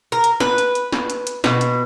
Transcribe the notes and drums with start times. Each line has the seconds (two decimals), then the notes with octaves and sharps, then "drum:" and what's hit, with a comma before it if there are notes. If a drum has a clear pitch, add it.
0.12 A#4
0.24 drum: hi-hat
0.40 B4, drum: snare
0.58 drum: hi-hat
0.75 drum: hi-hat
0.92 drum: snare
1.10 drum: hi-hat
1.27 drum: hi-hat
1.44 B2, drum: snare
1.61 drum: hi-hat